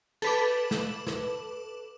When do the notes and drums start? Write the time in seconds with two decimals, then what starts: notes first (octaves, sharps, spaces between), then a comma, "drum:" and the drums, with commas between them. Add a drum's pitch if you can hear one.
0.22 A4 B4 D6, drum: cymbal
0.71 drum: snare
1.07 drum: snare